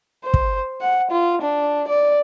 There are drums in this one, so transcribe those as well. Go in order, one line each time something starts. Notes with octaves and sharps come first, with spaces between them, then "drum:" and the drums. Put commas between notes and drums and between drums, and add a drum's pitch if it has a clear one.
C5
drum: kick
F#5
F4
D4
D5